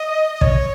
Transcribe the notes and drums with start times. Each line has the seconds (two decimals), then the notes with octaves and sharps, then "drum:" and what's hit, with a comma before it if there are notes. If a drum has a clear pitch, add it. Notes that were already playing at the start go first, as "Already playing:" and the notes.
Already playing: D#5
0.35 D#5
0.41 C#5, drum: kick